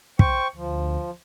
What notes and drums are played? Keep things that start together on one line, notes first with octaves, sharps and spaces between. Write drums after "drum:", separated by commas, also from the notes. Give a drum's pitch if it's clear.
C5 G5 C#6, drum: kick
D2 F3